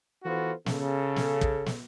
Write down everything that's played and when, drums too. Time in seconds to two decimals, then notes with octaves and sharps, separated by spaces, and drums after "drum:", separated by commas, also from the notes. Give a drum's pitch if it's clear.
0.24 E3 B3 F4 F#4 A4 C5
0.66 C#3 A4, drum: snare
1.16 drum: snare
1.41 drum: kick
1.66 drum: snare